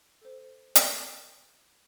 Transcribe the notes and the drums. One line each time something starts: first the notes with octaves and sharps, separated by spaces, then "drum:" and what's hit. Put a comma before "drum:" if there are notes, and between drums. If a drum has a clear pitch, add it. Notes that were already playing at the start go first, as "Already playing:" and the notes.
A4 C5
drum: hi-hat